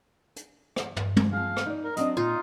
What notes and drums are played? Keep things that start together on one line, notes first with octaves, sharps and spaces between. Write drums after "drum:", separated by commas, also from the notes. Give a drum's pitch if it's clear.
drum: hi-hat
drum: rim click
drum: tom
drum: tom
F3 G#4 F5
drum: rim click
D#4 D5
A#4
F#3 C4 D4 D#5, drum: hi-hat
A#2 D#4 F4